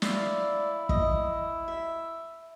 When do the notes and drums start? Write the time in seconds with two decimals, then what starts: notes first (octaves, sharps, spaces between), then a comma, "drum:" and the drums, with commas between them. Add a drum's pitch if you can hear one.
0.02 E4 D5 F5, drum: snare
0.89 D#5, drum: kick
1.68 E5